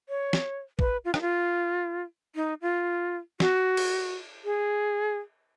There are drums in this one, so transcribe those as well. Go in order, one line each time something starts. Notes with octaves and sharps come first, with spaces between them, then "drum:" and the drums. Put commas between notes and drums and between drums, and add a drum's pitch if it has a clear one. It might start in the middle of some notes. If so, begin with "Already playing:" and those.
C#5
drum: snare
B4, drum: kick A1
F4
D#4, drum: rim click
F4
D#4
F4
F#4, drum: snare
drum: cymbal
G#4